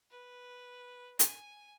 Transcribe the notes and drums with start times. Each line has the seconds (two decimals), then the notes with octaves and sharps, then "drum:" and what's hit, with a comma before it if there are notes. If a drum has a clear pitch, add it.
0.11 B4
1.19 G#5, drum: hi-hat